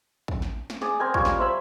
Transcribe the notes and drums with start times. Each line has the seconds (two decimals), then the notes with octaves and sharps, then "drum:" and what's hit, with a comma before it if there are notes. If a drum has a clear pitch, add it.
0.28 drum: kick
0.42 drum: snare
0.70 drum: snare
0.81 G#4 D5 D#6, drum: snare
0.99 C4 A#4 G#5 B5
1.14 G3 F4 C#5, drum: kick
1.25 drum: snare
1.39 C5 E5 B5